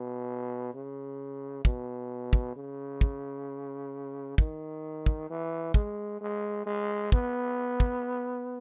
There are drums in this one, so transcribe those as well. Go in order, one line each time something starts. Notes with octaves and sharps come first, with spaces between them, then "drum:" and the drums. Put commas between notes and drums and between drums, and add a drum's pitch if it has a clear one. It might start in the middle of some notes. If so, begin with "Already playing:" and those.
Already playing: B2
C#3
B2, drum: kick
drum: kick
C#3
drum: kick
D#3, drum: kick
drum: kick
E3
G#3, drum: kick
G#3
G#3
B3, drum: kick
drum: kick